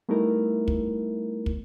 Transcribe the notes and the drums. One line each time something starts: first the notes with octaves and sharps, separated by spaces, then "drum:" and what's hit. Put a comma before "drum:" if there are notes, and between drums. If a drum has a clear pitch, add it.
G3 A3 B3 D#4 E4 A#4
drum: kick
drum: kick